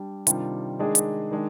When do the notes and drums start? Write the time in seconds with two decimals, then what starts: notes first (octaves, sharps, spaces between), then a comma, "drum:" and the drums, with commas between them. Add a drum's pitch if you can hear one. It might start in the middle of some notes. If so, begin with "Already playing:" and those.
Already playing: G3 D4 G4
0.27 C3 D#3 G3 D4 F4, drum: hi-hat
0.79 D#3 G#3 D4 G#4
0.95 drum: hi-hat
1.31 D#3 G#3 D4